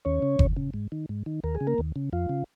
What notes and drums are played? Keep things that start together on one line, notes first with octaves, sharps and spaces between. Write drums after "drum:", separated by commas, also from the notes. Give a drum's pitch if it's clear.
D#2 C#4 C#5
C#3
D#2, drum: kick F#1
C#3
G#2
D#3
G#2
D#3
D#2 A#4
G#4
C#3
A#3 A#4
D#2
C#3
F2 F4
C#3